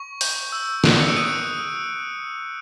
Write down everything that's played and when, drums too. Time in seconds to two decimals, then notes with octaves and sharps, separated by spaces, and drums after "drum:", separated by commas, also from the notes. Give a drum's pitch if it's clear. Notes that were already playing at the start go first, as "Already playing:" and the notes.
Already playing: C#6
0.21 G6, drum: open hi-hat
0.52 E6
0.84 F#6 D7, drum: snare
1.00 C#7
1.16 D#6 D#7